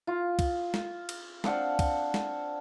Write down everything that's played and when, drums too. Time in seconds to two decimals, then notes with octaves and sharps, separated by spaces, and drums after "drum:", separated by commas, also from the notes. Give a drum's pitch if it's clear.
0.07 F4
0.39 drum: kick, cymbal
0.74 drum: snare
1.09 drum: cymbal
1.44 C4 D4 F5 F#5, drum: snare
1.79 drum: kick, cymbal
2.14 drum: snare